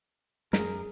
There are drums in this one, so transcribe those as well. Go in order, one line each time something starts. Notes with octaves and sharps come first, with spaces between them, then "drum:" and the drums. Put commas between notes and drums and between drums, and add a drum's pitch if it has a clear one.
F#2 G#4 A#4, drum: snare